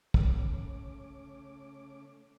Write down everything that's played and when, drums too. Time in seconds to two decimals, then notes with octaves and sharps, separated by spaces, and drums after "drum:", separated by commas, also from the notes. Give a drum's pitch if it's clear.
0.14 C#3 A3 C#4 D6, drum: kick